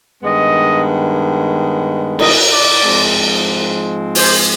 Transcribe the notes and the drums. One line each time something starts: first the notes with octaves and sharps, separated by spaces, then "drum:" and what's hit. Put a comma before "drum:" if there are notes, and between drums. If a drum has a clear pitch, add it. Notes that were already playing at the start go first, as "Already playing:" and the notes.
G2 D#3 G#3 B3 D#5
D#5, drum: cymbal
D5
G#2 F3 G#3 C4
C5, drum: open hi-hat